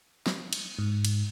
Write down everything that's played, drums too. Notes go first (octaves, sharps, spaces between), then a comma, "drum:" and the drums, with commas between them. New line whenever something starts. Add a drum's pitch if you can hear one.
drum: snare
drum: cymbal
G#2
drum: cymbal